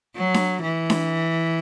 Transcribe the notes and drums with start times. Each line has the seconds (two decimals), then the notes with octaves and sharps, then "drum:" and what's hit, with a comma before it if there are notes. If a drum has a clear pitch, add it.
0.16 F#3
0.34 drum: snare D4
0.62 E3
0.90 drum: snare D4